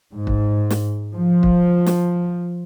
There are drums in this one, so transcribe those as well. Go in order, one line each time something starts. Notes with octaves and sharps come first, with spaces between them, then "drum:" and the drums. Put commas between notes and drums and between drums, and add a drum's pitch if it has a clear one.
G#2
drum: kick
drum: snare
F3
drum: kick
drum: snare